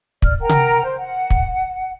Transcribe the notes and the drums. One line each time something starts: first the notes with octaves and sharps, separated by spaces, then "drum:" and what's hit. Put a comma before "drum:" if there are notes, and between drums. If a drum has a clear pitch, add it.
D5 F6, drum: kick
A#4 F#5 G5 A#5
drum: tom C3
C5
F#5
drum: kick